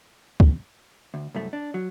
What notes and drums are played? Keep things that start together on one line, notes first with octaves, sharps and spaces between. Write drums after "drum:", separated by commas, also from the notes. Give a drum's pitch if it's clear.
drum: kick
D2
C2 F#2 A3
D4
F#3